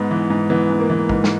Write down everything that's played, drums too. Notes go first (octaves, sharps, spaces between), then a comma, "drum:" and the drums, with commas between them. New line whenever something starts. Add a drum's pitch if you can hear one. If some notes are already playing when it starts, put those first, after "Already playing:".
Already playing: G#2 B3
E3
G#2
E3 B3
G#2
A#3
E3
G#2, drum: kick
drum: snare